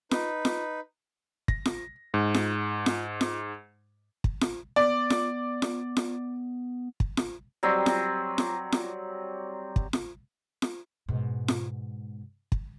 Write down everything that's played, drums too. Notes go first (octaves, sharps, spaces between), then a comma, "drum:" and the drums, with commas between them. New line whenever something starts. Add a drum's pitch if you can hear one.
D#4 B4, drum: snare F4
drum: snare F4
A#6, drum: kick
drum: snare F4
G#2
drum: snare F4
drum: snare F4
drum: snare F4
drum: kick
drum: snare F4
B3 D5
drum: snare F4
drum: snare F4
drum: snare F4
drum: kick
drum: snare F4
F#3 G3 C4
drum: snare F4
drum: snare F4
drum: snare F4
drum: kick
drum: snare F4
drum: snare F4
G#2 B2
drum: snare F4
drum: kick